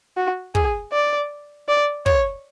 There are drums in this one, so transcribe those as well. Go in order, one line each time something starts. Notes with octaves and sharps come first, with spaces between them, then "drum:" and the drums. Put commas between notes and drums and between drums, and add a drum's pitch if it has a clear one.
F#4
G#4, drum: kick
D5
D5
C#5, drum: kick